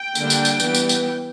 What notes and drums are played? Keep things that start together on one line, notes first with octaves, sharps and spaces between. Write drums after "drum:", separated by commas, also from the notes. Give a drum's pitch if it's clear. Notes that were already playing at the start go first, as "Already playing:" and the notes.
Already playing: G5
D3 G3 A#3 D4, drum: tambourine
drum: tambourine
drum: tambourine
E3 G3 B3, drum: tambourine
drum: tambourine
drum: tambourine